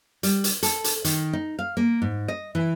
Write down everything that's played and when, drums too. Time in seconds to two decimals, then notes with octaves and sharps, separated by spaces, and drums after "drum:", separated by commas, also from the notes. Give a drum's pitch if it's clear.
0.23 G3, drum: hi-hat
0.44 drum: hi-hat
0.63 A4, drum: hi-hat
0.84 drum: hi-hat
1.05 D#3, drum: hi-hat
1.33 D#4
1.59 F5
1.77 A#3
2.02 G#2
2.28 D#5
2.55 E3